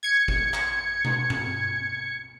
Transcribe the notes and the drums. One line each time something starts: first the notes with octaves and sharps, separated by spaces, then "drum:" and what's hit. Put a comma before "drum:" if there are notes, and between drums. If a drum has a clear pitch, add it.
G#6 C#7
drum: kick
drum: clap
drum: tom B2
drum: tom G2